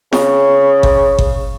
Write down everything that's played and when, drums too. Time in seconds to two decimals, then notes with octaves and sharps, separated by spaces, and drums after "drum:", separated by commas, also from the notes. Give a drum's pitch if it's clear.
0.13 C#3, drum: snare
0.83 drum: kick G1
1.19 drum: kick G1